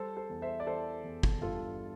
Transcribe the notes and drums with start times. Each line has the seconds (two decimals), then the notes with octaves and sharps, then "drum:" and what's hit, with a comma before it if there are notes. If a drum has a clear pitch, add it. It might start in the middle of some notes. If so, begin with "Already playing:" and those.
Already playing: G3 A4 C5
0.16 A4 C5
0.30 E2
0.42 C5 E5
0.60 D5
0.67 E3 A4 C5
1.04 E2
1.23 drum: kick
1.42 G2 F4 A4